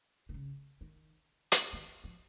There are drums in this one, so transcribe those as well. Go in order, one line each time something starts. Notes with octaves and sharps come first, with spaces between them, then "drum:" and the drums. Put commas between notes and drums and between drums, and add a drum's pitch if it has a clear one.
C3
C#3
D#3
drum: hi-hat
D#3
F3